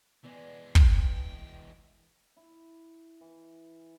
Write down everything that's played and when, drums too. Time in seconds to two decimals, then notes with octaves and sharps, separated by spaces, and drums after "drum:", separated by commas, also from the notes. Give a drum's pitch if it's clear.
0.24 E3 G#3 B3 D5 G#5
0.75 G5, drum: kick
2.36 E4
3.21 E3